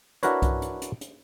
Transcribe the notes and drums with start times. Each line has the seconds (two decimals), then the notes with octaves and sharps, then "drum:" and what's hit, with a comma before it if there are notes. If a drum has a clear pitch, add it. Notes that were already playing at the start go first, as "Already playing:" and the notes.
0.23 D4 E4 F#4 A#4 B4 C#5, drum: hi-hat
0.42 drum: kick C2, hi-hat
0.62 drum: hi-hat
0.81 drum: hi-hat
1.01 drum: hi-hat